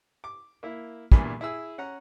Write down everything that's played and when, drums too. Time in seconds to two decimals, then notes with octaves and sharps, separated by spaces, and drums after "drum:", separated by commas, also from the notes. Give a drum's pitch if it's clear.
0.24 D6
0.63 A#3 E4
1.12 E2 G2 A#2 G#5 B5, drum: kick
1.41 E4 G#4 E6
1.78 C#4 F#5 A#5